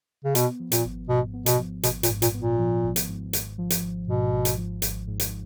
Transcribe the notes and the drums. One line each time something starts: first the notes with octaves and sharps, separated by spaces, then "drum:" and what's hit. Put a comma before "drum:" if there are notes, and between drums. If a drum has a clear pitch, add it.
C#3
B2 B3, drum: hi-hat
F3
A#2, drum: hi-hat
G#1
G#2 B2
B3
B2, drum: hi-hat
F3
G#1 B2, drum: hi-hat
A#2, drum: hi-hat
G#2
A#2, drum: hi-hat
B3
A#2
F3
G#1
drum: hi-hat
G#2
G#1, drum: hi-hat
F3
drum: hi-hat
G#1
G#2 B2
G#1
drum: hi-hat
F3
G#1, drum: hi-hat
G#2
drum: hi-hat